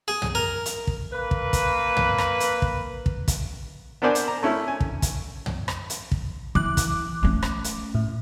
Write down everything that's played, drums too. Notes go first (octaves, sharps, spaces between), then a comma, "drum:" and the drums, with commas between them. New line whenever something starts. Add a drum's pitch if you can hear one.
G#4
drum: tom
A#4
drum: hi-hat
drum: kick
A#3 B4
drum: kick
drum: kick, hi-hat
drum: tom
drum: rim click
drum: hi-hat
drum: kick
drum: kick
drum: kick, hi-hat
B3 D4 A#4 C5 D5 G#5
drum: hi-hat
A#5
A3 C#4 E4
G#5
drum: kick
drum: kick, hi-hat
drum: tom
drum: rim click
drum: hi-hat
drum: kick
E3 D6 F#6, drum: kick
drum: kick, hi-hat
A3 C#4
drum: rim click
drum: hi-hat
A2